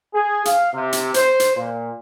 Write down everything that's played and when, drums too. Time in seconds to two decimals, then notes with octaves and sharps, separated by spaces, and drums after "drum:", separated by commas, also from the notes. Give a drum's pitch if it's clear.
0.14 G#4
0.45 F5, drum: hi-hat
0.73 C3
0.93 drum: hi-hat
1.14 C5, drum: hi-hat
1.40 drum: hi-hat
1.56 A#2